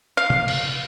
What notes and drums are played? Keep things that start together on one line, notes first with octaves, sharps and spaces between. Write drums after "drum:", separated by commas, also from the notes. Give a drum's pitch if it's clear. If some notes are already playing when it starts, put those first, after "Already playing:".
F5
drum: tom
drum: cymbal